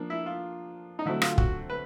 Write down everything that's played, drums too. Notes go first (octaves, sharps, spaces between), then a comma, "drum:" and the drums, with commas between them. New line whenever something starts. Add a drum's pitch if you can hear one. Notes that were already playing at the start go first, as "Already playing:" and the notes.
Already playing: F3 A#3 D4
E4
F4
D#4
D3 F#3 A3 C4 E4
F4, drum: rim click
F#4, drum: kick
B4